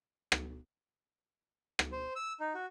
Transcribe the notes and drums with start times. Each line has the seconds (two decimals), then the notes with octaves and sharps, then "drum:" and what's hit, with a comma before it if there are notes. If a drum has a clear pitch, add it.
0.32 drum: rim click
1.79 drum: rim click
1.92 C5
2.16 E6
2.40 D#4
2.55 F#4